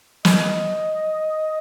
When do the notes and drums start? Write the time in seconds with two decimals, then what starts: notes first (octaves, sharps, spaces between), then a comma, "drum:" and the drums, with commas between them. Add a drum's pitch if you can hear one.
0.25 D#5, drum: snare